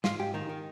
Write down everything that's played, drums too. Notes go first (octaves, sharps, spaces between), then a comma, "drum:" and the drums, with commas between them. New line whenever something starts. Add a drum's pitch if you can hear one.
G#2 F4, drum: snare
G#2 G4
D#3 D#4
D#3